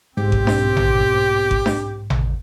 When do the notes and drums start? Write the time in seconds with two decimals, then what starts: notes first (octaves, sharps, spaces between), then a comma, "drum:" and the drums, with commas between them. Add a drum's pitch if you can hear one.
0.17 B1 G#2 C4 G4
0.32 drum: kick G#1
0.47 drum: snare D4
0.77 drum: tom A1
1.51 drum: kick G#1
1.66 drum: snare D4
2.10 drum: tom A1